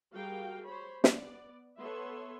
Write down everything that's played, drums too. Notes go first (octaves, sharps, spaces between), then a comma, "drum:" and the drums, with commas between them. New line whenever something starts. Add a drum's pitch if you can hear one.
G3 F#4 G#4 A#4 F5 G5
C5 C#5 B5
B3 D5, drum: snare
B3 A4 C#5 E5 C6